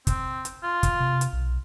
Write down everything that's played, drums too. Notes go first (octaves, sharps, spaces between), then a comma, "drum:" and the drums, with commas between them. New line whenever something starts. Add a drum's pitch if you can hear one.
C4, drum: kick, hi-hat
drum: hi-hat
F4
drum: kick, hi-hat
C3
drum: hi-hat
B1